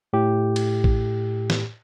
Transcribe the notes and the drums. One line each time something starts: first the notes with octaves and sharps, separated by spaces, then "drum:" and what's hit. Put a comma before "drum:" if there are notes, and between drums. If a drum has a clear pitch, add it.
A2 G4
drum: cymbal
drum: kick
drum: snare